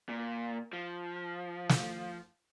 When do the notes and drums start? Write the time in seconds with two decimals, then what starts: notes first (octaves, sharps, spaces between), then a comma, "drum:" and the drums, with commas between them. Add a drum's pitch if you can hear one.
0.09 A#2
0.73 F3
1.69 drum: snare